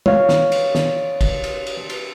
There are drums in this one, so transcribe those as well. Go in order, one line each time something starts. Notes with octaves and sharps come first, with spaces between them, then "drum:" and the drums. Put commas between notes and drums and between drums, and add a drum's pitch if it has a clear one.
C#5 F5, drum: tom
drum: snare
drum: cymbal
drum: snare
drum: kick, cymbal
drum: cymbal
drum: cymbal
drum: cymbal